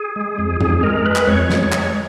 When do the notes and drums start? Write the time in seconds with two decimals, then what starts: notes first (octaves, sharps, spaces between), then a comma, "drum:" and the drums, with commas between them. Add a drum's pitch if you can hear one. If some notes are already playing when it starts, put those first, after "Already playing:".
Already playing: G#4
0.16 G#3
0.39 F2
0.61 F2 G#4, drum: tom G2
0.83 G#3 A#4
1.05 G#3 B4
1.16 drum: clap
1.27 F2 C#5
1.50 G#3, drum: snare
1.72 G#3, drum: clap